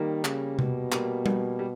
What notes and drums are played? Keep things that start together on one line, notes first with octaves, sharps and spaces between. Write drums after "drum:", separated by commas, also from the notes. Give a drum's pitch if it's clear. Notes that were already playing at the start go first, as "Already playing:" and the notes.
Already playing: D#3 G3 A#3
C#3, drum: clap
B2, drum: tom C3
G3 A#3, drum: clap
drum: tom G3
G3